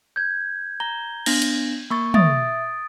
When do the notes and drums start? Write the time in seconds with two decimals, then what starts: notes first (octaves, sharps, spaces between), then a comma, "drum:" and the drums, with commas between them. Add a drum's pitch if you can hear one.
0.16 G6 G#6
0.80 A#5 G7
1.26 B3 D4 A#6, drum: cymbal
1.42 drum: hi-hat
1.90 A#3 C#6 A6
2.14 E5 D#6 A6 D7, drum: tom